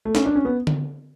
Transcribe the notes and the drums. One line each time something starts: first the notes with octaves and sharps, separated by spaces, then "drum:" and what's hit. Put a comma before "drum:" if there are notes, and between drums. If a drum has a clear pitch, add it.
A3
C#4, drum: snare
D4
C#4
B3
drum: tom D3